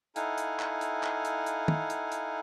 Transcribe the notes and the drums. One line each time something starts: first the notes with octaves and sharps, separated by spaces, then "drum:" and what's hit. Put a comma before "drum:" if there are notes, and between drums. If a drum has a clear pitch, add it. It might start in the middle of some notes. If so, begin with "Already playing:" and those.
D#4 E4 A4 F5 F#5 G#5, drum: hi-hat
drum: hi-hat
drum: clap
drum: hi-hat
drum: clap
drum: hi-hat
drum: hi-hat
drum: tom
drum: hi-hat
drum: hi-hat